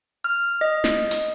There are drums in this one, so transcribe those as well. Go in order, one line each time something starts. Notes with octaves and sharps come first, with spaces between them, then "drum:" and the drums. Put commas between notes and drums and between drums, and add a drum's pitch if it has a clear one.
F6
D#5
drum: snare
drum: hi-hat